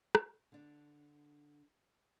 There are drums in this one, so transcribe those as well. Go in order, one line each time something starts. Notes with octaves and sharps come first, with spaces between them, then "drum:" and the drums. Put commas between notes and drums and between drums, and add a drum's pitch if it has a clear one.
drum: rim click
D3 D4